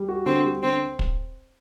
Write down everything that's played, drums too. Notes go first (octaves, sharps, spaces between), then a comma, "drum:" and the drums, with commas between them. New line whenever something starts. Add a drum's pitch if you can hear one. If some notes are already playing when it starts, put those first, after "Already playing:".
Already playing: G3
F#4
D3 C4
G3
D3 C4
drum: kick